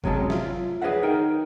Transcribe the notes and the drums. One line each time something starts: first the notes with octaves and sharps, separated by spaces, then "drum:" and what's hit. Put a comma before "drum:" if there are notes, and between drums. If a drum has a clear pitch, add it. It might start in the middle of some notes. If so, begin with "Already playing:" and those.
C3 F#3 G#3 C#4 A5, drum: kick G1
F4 E5, drum: snare
G#4 B4 C#5 D#5 E5 F#5
D#4 A#4 G5